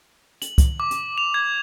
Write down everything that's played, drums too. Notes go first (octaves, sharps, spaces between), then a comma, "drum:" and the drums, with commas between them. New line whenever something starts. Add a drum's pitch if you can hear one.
F#7, drum: hi-hat
drum: kick, hi-hat
D6
drum: hi-hat
F7
G#6